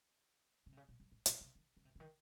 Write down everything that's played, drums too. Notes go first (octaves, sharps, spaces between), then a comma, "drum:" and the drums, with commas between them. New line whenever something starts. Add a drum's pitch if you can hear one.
C#3
C3
C#3
A#2
F#2
A2
A#2, drum: hi-hat
C3
D#3
C#3
C3
C#3
D#3